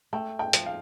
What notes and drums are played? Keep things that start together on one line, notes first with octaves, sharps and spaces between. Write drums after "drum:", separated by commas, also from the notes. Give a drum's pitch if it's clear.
A3 G5
G5
F3, drum: hi-hat
F5